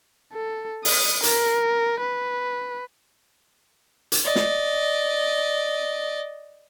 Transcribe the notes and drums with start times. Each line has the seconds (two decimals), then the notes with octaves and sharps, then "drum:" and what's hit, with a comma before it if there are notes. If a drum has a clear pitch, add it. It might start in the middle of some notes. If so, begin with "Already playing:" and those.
0.33 A4
0.85 D#6, drum: open hi-hat
1.23 A#4, drum: hi-hat
2.00 B4
4.12 drum: hi-hat
4.24 D5 D#5
4.36 drum: snare